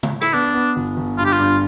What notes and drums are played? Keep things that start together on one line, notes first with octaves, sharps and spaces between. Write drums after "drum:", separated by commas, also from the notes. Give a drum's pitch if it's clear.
drum: tom C#3
E4, drum: rim click
B3 D4
B3
G1
G1
G2 F4
G4
F4
G2